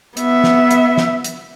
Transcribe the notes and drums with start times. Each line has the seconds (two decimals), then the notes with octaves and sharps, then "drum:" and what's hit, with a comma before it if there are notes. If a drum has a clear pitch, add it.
0.17 B3 E5, drum: hi-hat
0.44 drum: snare
0.71 drum: hi-hat
0.98 drum: snare
1.24 drum: hi-hat